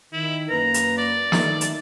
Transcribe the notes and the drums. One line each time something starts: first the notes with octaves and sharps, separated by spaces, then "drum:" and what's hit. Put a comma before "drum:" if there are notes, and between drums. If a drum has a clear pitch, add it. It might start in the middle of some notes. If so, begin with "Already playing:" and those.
D#3 E4
F#2 A#3 B4 A#5
drum: hi-hat
D5
D#3 A3, drum: snare
drum: hi-hat